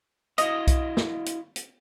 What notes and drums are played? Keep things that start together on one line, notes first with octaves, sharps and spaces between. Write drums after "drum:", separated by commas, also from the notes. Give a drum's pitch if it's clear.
E4 F#4 D#5 F5, drum: hi-hat
drum: kick B1, hi-hat
drum: snare
drum: hi-hat
drum: hi-hat